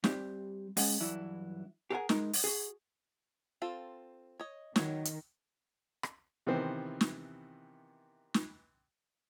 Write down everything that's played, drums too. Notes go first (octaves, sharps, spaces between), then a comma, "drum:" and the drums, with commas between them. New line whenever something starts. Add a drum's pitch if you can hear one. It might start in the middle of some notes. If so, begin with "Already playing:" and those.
G3 C4 G4 E5, drum: snare
G#3 C#4 F#5 G#5, drum: open hi-hat
G2 E3 F#3 E4
G4 G#4 A#4 C5 F#5 G#5
G#3 D#4 A#4, drum: snare
drum: open hi-hat
F#4 G#4
C4 F4 A4
C#5 D#5
D#3 F#3 C4 C#5, drum: snare
drum: hi-hat
drum: rim click
C3 D#3 E3 B3 C5
drum: snare
drum: snare